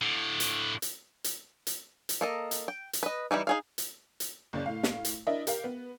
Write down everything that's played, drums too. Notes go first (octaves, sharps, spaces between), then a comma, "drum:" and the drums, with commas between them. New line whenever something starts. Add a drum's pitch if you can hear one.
A2 D3
drum: hi-hat
drum: hi-hat
drum: hi-hat
drum: hi-hat
drum: hi-hat
A#3 A4 D#5
drum: hi-hat
G5
drum: hi-hat
B4 D#5
E3 G3 D#4 E4
D#4 G#4 F5
drum: hi-hat
drum: hi-hat
F#1 C#3 D5
A2 F5
drum: snare
drum: hi-hat
D4 E4 A#4 D#5 E5
G4 A#4 F5, drum: hi-hat
B3